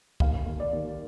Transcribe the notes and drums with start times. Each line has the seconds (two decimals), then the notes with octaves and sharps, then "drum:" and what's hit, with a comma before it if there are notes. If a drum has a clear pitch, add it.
0.20 D#2 F5, drum: kick
0.46 D#2
0.60 D5
0.73 D#2